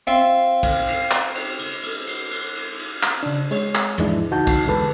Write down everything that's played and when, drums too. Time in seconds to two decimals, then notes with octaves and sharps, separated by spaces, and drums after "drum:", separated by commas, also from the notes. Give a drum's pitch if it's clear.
0.07 C4 F4 E5 C6
0.63 drum: kick, cymbal
0.87 drum: cymbal
1.11 drum: clap
1.35 drum: cymbal
1.59 drum: cymbal
1.83 drum: cymbal
2.07 drum: cymbal
2.31 drum: cymbal
2.55 drum: cymbal
2.79 drum: cymbal
3.03 drum: clap
3.23 C#3 D4
3.51 G#3 C#5, drum: cymbal
3.75 drum: clap
3.98 G#2 E3 F3 G#3 D4 E4, drum: tom
4.31 C#2 E3 D#4 F#4 A5 G6
4.47 drum: kick, cymbal
4.66 E2 D3 G#3 A4 B4 A5